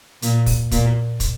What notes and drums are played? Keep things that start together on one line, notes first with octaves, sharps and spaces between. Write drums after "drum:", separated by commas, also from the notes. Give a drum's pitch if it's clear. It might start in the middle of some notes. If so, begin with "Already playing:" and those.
A#2, drum: hi-hat
drum: kick, open hi-hat
A#2, drum: kick, hi-hat
drum: kick, hi-hat